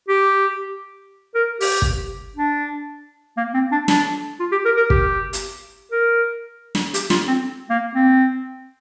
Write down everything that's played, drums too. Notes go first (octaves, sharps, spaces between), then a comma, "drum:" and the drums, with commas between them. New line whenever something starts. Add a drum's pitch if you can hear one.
G4
A#4
G4, drum: open hi-hat
drum: kick
D4
A#3
C4
D4
D4, drum: snare
F4
G4
A#4
A#4
G4, drum: kick
drum: hi-hat
A#4
drum: snare
G4, drum: hi-hat
F4, drum: snare
C4
A#3
C4